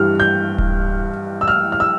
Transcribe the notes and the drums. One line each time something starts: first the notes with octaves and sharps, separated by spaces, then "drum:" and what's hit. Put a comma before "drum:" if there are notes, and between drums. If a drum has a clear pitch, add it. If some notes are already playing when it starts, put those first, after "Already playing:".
Already playing: G2 E3 G3 F6
G6
drum: kick D1
E6
F6
F6
E6